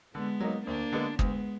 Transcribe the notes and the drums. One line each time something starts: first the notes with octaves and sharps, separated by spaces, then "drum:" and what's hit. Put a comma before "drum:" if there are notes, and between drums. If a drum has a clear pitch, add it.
D3 G#3 B3
F#3 A#3 D#4
D2 A#3 D4
D3 G#3 B3
D2 G#3 B3, drum: kick